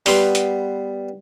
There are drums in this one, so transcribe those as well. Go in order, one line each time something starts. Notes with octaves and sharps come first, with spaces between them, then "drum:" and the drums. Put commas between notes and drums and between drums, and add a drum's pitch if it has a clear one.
G3 B3 C6, drum: open hi-hat
drum: hi-hat